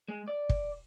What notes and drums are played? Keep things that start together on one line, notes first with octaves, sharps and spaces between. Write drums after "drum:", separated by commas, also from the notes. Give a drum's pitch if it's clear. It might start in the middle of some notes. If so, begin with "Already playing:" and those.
G#3
D5
drum: kick